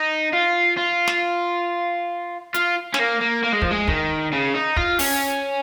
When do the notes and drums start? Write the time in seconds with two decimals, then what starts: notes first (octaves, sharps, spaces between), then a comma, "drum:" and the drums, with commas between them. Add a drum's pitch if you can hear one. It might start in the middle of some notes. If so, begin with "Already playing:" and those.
Already playing: D#4
0.33 F4
0.77 F4
1.08 drum: snare
2.54 F4, drum: hi-hat
2.94 C#4, drum: snare
2.99 A#3
3.21 A#3
3.44 A#3
3.52 G#3
3.62 F3, drum: kick
3.71 G#3
3.88 D#3, drum: kick
4.32 C#3
4.54 D#4
4.76 F4, drum: kick
4.99 C#4, drum: open hi-hat